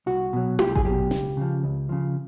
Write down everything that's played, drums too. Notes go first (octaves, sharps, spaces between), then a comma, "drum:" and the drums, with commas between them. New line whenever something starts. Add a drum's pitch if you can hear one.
C2 F#4
B2 F#3
C2 G4, drum: tom E4
G#4, drum: kick A1
B2 F#3 G4
C#2, drum: snare
C#3 F3
C#2
C#3 F3